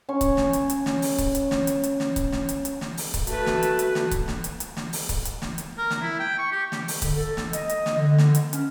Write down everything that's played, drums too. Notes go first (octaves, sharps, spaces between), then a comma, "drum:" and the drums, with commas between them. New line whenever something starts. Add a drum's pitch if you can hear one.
C#4 C#5 C#6
drum: kick C#1, hi-hat
drum: snare
drum: hi-hat
drum: hi-hat
drum: snare
drum: open hi-hat
drum: kick C#1, hi-hat
drum: hi-hat
drum: snare
drum: hi-hat
drum: hi-hat
drum: snare
drum: kick C#1, hi-hat
drum: snare
drum: hi-hat
drum: hi-hat
drum: snare
drum: open hi-hat
drum: kick C#1, hi-hat
A3 F#4 B4 A5, drum: hi-hat
drum: snare
drum: hi-hat
drum: hi-hat
drum: snare
drum: kick C#1, hi-hat
drum: snare
drum: hi-hat
drum: hi-hat
drum: snare
drum: open hi-hat
drum: kick C#1, hi-hat
drum: hi-hat
drum: snare
drum: hi-hat
A#4
drum: snare
E4
G5
C#6
G4
drum: snare
drum: open hi-hat
D3, drum: kick C#1, hi-hat
A4
drum: snare
D#5, drum: hi-hat
drum: hi-hat
drum: snare
D3
drum: snare
drum: hi-hat
C#4, drum: hi-hat